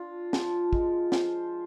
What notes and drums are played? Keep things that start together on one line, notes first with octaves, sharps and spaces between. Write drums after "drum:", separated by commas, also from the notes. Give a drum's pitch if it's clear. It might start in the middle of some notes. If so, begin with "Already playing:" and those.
Already playing: D4 F4
F3, drum: snare
G#3, drum: kick
F3 C5, drum: snare